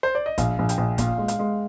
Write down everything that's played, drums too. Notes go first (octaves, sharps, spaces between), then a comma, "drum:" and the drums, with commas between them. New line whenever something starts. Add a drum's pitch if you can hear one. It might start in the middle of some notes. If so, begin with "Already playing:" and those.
C5
D5
D#5
A#1 F5, drum: kick, hi-hat
A#1
G5, drum: hi-hat
A#1
A#2 F5, drum: kick, hi-hat
G#3
F5, drum: hi-hat
G#3